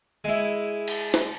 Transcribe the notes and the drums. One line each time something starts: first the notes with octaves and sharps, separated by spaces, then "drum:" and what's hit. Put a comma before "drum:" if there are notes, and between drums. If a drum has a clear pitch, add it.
G#3 E4
drum: cymbal
drum: snare